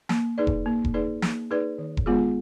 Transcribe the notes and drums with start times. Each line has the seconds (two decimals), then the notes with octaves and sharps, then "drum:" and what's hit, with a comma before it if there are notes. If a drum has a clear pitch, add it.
0.09 A#3, drum: snare
0.38 D#4 G#4 B4 D5
0.47 drum: kick E1
0.66 A#3
0.85 drum: kick E1
0.94 D#4 G#4 B4 D5
1.22 A#3, drum: snare
1.51 D#4 G#4 B4 D5
1.78 D#3
1.97 drum: kick E1
2.06 G#3 B3 F4 G#4